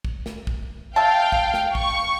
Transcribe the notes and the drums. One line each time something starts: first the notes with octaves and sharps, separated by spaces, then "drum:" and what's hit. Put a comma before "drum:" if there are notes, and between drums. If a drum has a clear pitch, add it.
drum: kick
drum: snare
drum: kick
E5 F5 G5 A5
drum: kick
drum: snare
C#6, drum: kick